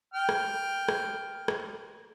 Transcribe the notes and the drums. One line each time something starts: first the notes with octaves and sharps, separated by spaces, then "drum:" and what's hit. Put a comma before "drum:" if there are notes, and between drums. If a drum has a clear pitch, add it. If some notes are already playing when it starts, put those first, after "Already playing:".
G5 F6
drum: rim click
drum: rim click
drum: rim click